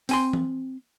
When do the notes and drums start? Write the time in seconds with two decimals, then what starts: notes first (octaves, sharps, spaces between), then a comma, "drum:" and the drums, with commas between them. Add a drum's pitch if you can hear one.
0.09 C4 G#5 C6, drum: open hi-hat
0.33 drum: tom E3